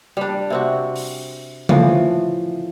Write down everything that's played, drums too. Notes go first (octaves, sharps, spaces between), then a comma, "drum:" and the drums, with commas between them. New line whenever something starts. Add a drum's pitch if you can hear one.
G3 D4
C3 C4 F#4
drum: open hi-hat
A2 E3 F3, drum: tom C#3